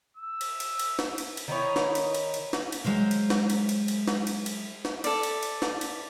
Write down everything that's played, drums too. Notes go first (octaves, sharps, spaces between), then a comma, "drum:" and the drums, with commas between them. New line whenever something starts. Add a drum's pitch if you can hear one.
E6
drum: cymbal
drum: cymbal
drum: cymbal
drum: snare
drum: cymbal
drum: cymbal
D#3 D#4 E4 C#5
drum: snare
drum: cymbal
drum: cymbal
drum: cymbal
drum: snare
drum: cymbal
F#3 G#3 C5 F5
drum: cymbal
drum: snare
drum: cymbal
drum: cymbal
drum: cymbal
drum: snare
drum: cymbal
drum: cymbal
drum: snare
A4 D5, drum: cymbal
drum: cymbal
drum: cymbal
drum: snare
drum: cymbal